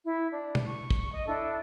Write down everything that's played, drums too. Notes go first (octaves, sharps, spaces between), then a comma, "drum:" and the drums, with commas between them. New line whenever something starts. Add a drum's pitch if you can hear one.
E4
D4
drum: tom
C#6
drum: kick
D#5
D4 E4 A4